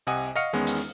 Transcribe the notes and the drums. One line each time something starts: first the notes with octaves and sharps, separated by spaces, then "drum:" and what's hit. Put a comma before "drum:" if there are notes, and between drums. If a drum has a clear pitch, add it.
C2 C3 D#5 F#5 G#5 D#6
D#5 F5 F#5 C#6 F6 C#7
E2 D#3 G#3 B3 C#4
drum: hi-hat